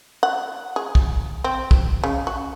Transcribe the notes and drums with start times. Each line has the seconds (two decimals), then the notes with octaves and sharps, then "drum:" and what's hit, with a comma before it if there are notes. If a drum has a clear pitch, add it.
0.23 F#5
0.76 G#4
0.95 drum: kick
1.44 C4
1.71 drum: kick
2.04 C#3
2.27 F#4